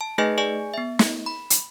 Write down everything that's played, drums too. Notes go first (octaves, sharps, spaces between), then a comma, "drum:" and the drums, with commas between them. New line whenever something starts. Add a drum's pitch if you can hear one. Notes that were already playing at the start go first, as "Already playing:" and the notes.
A5
A3 D#4 G#4 B4 D#5 G#5
G#4 D5 G#5
B3 E5
drum: snare
B5
drum: hi-hat